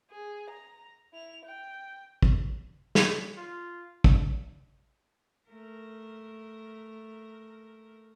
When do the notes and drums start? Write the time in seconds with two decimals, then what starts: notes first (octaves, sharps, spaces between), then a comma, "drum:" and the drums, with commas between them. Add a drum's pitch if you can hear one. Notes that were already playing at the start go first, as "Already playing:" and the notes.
0.11 G#4
0.51 A#5
1.13 E4 F7
1.45 G5
2.23 drum: kick
2.95 drum: snare
3.37 F4
4.04 drum: kick
5.49 A3 A#4